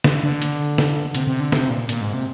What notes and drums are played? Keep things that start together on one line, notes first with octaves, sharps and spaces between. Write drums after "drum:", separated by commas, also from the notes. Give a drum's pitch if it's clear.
D3, drum: snare
D3
drum: hi-hat
drum: snare
C3, drum: hi-hat
C3
D3
C3, drum: snare
A#2
A#2, drum: hi-hat
G#2
C3